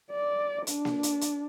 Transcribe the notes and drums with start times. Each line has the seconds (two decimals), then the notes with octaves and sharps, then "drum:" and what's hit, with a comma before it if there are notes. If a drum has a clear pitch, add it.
0.12 D5
0.67 D4, drum: hi-hat
0.85 drum: snare A#3
1.03 drum: hi-hat
1.21 drum: hi-hat